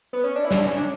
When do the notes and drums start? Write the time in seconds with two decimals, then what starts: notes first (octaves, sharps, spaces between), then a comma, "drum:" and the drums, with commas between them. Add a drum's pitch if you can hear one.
0.13 B3
0.24 C#4
0.35 D4
0.45 E4
0.51 C#4, drum: snare
0.57 D4
0.66 C#4
0.77 D4